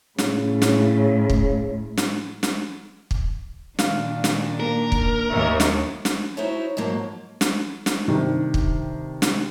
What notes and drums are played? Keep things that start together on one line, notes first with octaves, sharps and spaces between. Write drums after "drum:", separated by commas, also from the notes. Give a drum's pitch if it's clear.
A2 C#3, drum: snare
drum: snare
drum: kick
drum: snare
drum: snare
drum: kick
A#2 D#3 D4 F5, drum: snare
drum: snare
A#3 A#4
drum: kick
D#2 C#5 E5
drum: snare
drum: snare
D#4 E4 F#4 C5 C#5
G#2 F3 F#3 A#3
drum: snare
drum: snare
C3 D#3 G3 D4
drum: kick
drum: snare